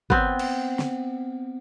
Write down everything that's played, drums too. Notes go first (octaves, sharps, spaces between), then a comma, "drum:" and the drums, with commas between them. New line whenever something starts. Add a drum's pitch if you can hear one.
B3 C4, drum: kick
drum: cymbal
drum: snare